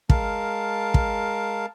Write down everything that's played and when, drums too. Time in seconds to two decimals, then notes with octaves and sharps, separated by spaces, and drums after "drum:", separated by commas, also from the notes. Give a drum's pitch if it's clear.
0.10 G#3 A#4 F5 A5, drum: kick
0.94 drum: kick